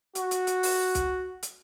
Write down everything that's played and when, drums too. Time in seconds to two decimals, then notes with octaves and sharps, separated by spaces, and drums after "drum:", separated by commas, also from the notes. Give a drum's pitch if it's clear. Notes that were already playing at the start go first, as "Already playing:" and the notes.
0.15 F#4, drum: hi-hat
0.31 drum: hi-hat
0.47 drum: hi-hat
0.63 drum: open hi-hat
0.95 drum: kick, hi-hat
1.43 drum: hi-hat